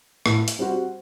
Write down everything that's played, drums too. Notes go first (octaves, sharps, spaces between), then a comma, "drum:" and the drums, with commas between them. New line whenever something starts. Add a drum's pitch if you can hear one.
A2, drum: rim click
drum: hi-hat
G3 C4 F#4 C5